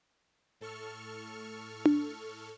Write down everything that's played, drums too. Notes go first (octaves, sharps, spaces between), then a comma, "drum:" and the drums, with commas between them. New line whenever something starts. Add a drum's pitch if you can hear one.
A2 A4 C#6 F6
drum: tom D4